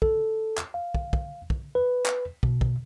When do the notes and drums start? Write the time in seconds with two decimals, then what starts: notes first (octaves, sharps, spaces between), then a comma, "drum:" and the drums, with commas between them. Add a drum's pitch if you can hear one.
0.02 A4, drum: kick
0.57 drum: clap
0.74 F5
0.94 drum: kick
1.13 drum: kick
1.50 drum: kick
1.75 B4
2.06 drum: clap
2.43 B2, drum: kick
2.61 drum: kick